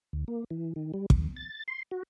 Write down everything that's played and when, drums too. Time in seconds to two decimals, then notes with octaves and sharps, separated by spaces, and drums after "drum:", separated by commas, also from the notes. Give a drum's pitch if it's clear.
0.13 D2
0.28 A#3
0.50 E3
0.76 D#3
0.94 G3
1.10 D#2, drum: kick
1.36 A6
1.68 C6
1.91 F#4